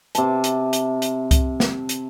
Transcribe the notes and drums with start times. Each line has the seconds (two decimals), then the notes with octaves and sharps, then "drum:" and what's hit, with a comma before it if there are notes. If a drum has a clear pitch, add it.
0.15 C3 A5, drum: hi-hat
0.44 drum: hi-hat
0.73 drum: hi-hat
1.02 drum: hi-hat
1.31 drum: kick C2, hi-hat
1.60 drum: snare
1.89 drum: hi-hat